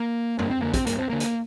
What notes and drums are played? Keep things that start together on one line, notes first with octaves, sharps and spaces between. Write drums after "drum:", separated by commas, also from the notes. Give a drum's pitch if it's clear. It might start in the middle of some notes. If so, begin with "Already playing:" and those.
Already playing: A#3
G2 A#3, drum: tom F2
C4
D3 A#3
C4, drum: kick, hi-hat
G2 A#3, drum: hi-hat
C4
D3 A#3
drum: hi-hat